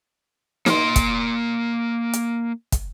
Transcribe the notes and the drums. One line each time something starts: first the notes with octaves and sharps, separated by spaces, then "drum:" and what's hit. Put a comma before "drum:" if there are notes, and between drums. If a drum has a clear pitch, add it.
A#3 C6, drum: snare
drum: kick, hi-hat
drum: hi-hat
drum: kick, hi-hat